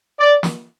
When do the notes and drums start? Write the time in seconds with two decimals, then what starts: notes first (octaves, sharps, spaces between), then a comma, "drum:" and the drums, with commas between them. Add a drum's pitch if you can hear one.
0.19 D5
0.43 drum: snare